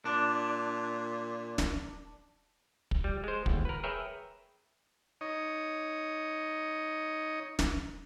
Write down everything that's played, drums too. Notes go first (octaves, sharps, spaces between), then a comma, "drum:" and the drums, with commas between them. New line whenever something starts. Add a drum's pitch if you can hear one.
A#2 D4
drum: snare
drum: kick
G3
G#3 C5
G1 D#2, drum: kick
A#4 B4
G#4 A#4 B4 C#5 E5 G5
D#4 C#5 D#5
drum: snare